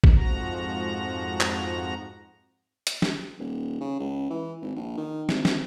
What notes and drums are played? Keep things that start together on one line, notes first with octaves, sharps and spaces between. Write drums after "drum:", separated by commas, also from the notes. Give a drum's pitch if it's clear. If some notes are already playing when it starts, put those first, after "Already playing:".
drum: kick
F2 G#2 F3 F#4 A#5
drum: clap
drum: hi-hat
drum: snare
D#1
C#3
C#2
E3
G#1
A#1
D#3
G#1, drum: snare
drum: snare